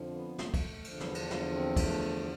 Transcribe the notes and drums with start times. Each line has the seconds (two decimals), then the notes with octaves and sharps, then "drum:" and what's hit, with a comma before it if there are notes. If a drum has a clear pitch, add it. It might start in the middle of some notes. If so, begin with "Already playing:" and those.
Already playing: F2 D3 F3
0.15 B3
0.38 A3, drum: snare
0.54 drum: kick, cymbal
0.84 E2 D3 F3, drum: cymbal
1.00 B3, drum: snare
1.15 D4, drum: cymbal
1.31 drum: snare
1.54 C4
1.77 A3, drum: kick, cymbal